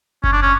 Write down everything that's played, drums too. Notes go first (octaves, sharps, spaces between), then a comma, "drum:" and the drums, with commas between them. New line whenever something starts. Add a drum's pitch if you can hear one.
C#4, drum: kick F#1
D4
C#4